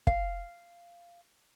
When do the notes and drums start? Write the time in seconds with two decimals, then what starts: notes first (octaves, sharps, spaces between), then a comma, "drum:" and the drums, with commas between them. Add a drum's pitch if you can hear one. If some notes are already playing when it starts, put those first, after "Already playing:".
0.07 F5, drum: kick